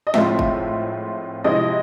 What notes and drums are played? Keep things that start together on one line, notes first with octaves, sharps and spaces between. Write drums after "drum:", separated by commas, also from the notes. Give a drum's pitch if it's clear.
D#5
A2 F3 G#3 C4 F4 E5, drum: snare
drum: kick
C3 F3 G#3 C4 E4 D#5